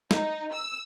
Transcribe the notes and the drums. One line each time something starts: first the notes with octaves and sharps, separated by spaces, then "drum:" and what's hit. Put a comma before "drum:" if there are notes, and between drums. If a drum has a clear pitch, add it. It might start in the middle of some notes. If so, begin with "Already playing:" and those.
D#4, drum: snare
E6